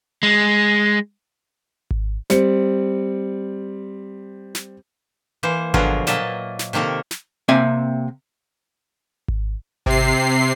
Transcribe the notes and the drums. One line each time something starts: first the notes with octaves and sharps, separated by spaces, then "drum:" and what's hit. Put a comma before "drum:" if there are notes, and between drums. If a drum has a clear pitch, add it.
G#3
drum: kick G#1
G3 C4 C#7, drum: snare
drum: snare
E3 A#3 C5
B2 D3 F3 F#3 G#4 A#4, drum: kick G#1
A#2 F#3 A#3 D#5 E5 A5, drum: snare
drum: snare
C3 D#3 A#3 A4 A#4
drum: snare
C3 A#3 C4 E5 G#5
drum: kick G#1
C3 C7, drum: kick G#1